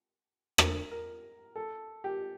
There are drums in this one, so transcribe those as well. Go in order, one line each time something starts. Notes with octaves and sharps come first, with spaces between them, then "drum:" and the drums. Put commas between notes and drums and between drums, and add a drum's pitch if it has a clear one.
A#4, drum: rim click
A#4
A4
G4